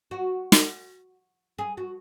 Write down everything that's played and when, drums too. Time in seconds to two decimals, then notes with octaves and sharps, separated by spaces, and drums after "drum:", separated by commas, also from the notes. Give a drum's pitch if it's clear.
0.11 F#4
0.52 drum: snare
1.58 G#4
1.77 F#4